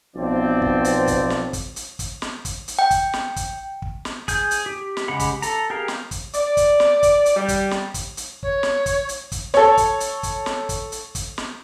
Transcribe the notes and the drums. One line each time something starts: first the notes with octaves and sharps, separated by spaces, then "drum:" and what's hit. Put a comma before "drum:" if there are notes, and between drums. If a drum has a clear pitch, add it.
B1 F3 C4 D5
drum: kick
drum: hi-hat
drum: kick, hi-hat
drum: snare
drum: kick, hi-hat
drum: hi-hat
drum: kick, hi-hat
drum: snare
drum: kick, hi-hat
drum: hi-hat
G5
drum: kick, hi-hat
drum: snare
drum: kick, hi-hat
drum: kick
drum: snare
G#4 G6, drum: kick, hi-hat
drum: hi-hat
G4
drum: snare
C#3 G#3 G4 F#5 B5
drum: kick, hi-hat
A4 A#5, drum: hi-hat
G4 G#4 A#4 F5
drum: snare
drum: kick, hi-hat
D5, drum: hi-hat
drum: kick, hi-hat
drum: snare
drum: kick, hi-hat
drum: hi-hat
G3
drum: kick, hi-hat
drum: snare
drum: kick, hi-hat
drum: hi-hat
C#5, drum: kick
drum: snare
drum: kick, hi-hat
drum: hi-hat
drum: kick, hi-hat
A4 C#5, drum: snare
drum: kick, hi-hat
drum: hi-hat
drum: kick, hi-hat
drum: snare
drum: kick, hi-hat
drum: hi-hat
drum: kick, hi-hat
drum: snare